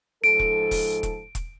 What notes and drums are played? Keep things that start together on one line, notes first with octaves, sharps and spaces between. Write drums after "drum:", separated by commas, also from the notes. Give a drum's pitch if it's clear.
G#2 F3 A4 D7
drum: kick E1
drum: kick E1, open hi-hat
drum: kick E1, hi-hat
drum: kick E1, hi-hat